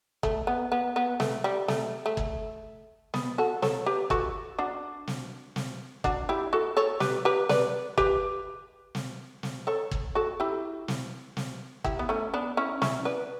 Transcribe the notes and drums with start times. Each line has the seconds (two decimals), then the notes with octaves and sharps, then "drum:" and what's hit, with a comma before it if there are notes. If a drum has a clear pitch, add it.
0.23 A3, drum: kick
0.47 B3
0.72 B3
0.96 B3
1.20 A3, drum: snare
1.44 G3
1.68 A3, drum: snare
2.06 A3
2.17 drum: kick
3.14 B3, drum: snare
3.38 F#4 A4
3.62 A4 C#5, drum: snare
3.86 G4 B4
4.10 F#4 A4, drum: kick
4.59 D4 F#4
5.07 drum: snare
5.56 drum: snare
6.04 D4 F#4, drum: kick
6.29 E4 G4
6.53 F#4 A4
6.77 A4 C#5
7.00 G4 B4, drum: snare
7.25 G4 B4
7.49 B4 D5, drum: snare
7.98 G4 B4, drum: kick
8.95 drum: snare
9.43 drum: snare
9.67 A4 C#5
9.91 drum: kick
10.15 F#4 A4
10.40 E4 G4
10.88 drum: snare
11.37 drum: snare
11.84 E4 G4, drum: kick
11.99 B3
12.09 A3 C#4
12.34 B3 D4
12.57 C#4 E4
12.82 C#4 E4, drum: snare
13.05 B4 D5